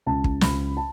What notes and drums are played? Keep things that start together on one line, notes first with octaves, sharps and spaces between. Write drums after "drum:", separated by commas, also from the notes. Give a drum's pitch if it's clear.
C#2 A5
drum: kick
C#2 B5, drum: snare
A5